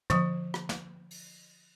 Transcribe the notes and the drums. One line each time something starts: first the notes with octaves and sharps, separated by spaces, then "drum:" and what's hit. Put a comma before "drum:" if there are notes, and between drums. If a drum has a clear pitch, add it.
D3 F3, drum: tom
drum: rim click
drum: snare
drum: open hi-hat